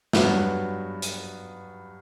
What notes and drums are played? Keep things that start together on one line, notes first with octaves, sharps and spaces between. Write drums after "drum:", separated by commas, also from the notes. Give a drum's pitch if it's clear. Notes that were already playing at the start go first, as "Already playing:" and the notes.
G2 F#3 B3 F#4, drum: snare
drum: hi-hat